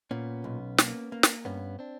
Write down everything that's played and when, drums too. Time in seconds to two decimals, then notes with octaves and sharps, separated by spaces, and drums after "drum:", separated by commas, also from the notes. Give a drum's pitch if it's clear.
0.11 A#2 B3 C#4
0.44 B1
0.78 A#3, drum: snare
1.12 A#3
1.23 drum: snare
1.45 G2 B3 C#4
1.79 C4 D4